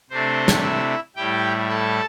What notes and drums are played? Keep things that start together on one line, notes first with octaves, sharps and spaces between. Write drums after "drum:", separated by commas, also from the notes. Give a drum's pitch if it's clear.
C3 A3 C4 D4 C5
drum: snare
E4 E5
A2 G3 E4 G4 G5
A4 A5